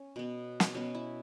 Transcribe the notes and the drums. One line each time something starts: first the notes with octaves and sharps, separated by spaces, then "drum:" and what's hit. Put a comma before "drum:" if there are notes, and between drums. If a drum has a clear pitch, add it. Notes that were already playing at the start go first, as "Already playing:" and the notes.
Already playing: C#4
B2 B3
drum: snare
B2 B3 C#4
E4